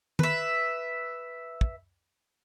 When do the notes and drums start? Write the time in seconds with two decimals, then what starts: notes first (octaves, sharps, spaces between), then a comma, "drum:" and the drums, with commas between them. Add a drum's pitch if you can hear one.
0.19 B4 E5, drum: tom D#3
1.61 drum: kick